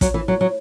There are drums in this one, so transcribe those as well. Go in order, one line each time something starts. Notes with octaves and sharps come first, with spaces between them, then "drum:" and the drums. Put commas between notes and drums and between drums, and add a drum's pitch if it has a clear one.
F#3, drum: kick, hi-hat
E3
F#3
F#3